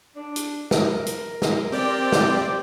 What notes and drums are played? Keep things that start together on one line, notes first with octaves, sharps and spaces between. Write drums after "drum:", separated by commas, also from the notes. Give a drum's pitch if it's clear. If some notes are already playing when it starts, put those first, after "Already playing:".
D4
drum: hi-hat
A#4, drum: snare
drum: hi-hat
drum: snare
C4 G4 D5
drum: snare